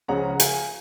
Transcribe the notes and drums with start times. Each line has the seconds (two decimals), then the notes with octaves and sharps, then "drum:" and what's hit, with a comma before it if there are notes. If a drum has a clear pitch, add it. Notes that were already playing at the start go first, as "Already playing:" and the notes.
0.08 C#2 C#3 F3 G#3 C#4 F#5 A#5
0.40 F5 G#5, drum: hi-hat